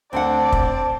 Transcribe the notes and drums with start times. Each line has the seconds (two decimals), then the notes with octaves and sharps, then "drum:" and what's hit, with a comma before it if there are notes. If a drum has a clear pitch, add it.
0.13 D2 C4 D4 D5 F#5 A5
0.52 drum: kick